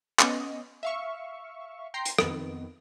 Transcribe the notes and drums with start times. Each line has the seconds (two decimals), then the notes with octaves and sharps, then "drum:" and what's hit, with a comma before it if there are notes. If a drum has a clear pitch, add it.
0.19 B3 C#4 D#5, drum: clap
0.83 E5 F5 C#6
1.94 G5 A#5 C6 C7
2.05 drum: hi-hat
2.19 F2 D#3 B3, drum: rim click